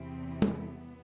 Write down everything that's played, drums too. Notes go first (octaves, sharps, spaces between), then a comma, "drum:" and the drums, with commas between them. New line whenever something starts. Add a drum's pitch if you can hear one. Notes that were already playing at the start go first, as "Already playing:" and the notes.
Already playing: E2 C3 E3 C4
drum: tom
B3